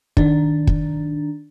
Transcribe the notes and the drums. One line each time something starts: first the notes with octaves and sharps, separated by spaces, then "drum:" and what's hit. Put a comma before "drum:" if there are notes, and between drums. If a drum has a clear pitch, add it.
D#3 D4, drum: kick
drum: kick